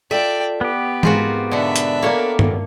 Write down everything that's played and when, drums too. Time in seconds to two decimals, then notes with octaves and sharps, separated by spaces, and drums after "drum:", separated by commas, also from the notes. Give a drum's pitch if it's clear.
0.11 F4 A4 D5 E5 G5
0.61 B3 G4 B4
1.03 G#2 C4 F4 F#4 G#4 A#4, drum: tom E3
1.51 B2 D3 D4 E5
1.76 drum: hi-hat
2.02 A#3 A4 A#4 C#5 D5
2.39 drum: tom G2